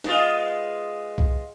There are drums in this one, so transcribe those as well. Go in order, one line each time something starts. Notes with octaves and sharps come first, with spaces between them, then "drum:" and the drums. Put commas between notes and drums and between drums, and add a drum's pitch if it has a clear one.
G#3 B3 F4, drum: snare D#4
drum: kick C2